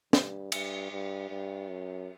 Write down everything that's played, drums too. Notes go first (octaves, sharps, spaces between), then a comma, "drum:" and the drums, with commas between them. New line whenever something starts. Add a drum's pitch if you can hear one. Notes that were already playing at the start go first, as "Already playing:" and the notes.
G2, drum: snare
G2, drum: cymbal
G2
G2
F#2